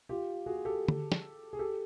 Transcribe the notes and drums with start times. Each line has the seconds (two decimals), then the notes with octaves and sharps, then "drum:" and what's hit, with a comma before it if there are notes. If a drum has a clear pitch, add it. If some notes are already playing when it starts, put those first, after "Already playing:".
0.09 F4 G4
0.46 F#4 G#4
0.65 G4 A4
0.88 drum: tom
1.12 drum: snare
1.53 G#4
1.59 G4 A4